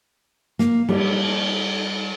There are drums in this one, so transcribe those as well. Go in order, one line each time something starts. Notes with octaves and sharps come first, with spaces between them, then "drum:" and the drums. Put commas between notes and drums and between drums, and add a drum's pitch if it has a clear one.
A#3, drum: snare
G3, drum: cymbal